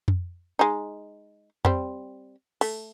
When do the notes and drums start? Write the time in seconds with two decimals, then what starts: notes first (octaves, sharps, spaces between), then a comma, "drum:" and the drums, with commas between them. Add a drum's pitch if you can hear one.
0.08 drum: tom F2
0.59 G#3 D#4
1.65 G3 C4, drum: tom F2
2.61 A3, drum: open hi-hat